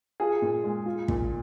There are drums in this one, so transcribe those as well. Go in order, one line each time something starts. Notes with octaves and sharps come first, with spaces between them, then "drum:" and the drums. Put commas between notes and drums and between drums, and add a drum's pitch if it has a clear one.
F4 G#4
A#2
G#3
F4
A#2, drum: kick